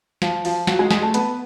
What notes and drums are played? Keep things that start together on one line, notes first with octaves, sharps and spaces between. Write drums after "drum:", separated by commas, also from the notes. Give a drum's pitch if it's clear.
F3 F4, drum: snare
F3 F4, drum: open hi-hat
F#3 F#4, drum: snare
G#3 G#4
G#3 G#4, drum: snare
A3 A4
B3 B4, drum: hi-hat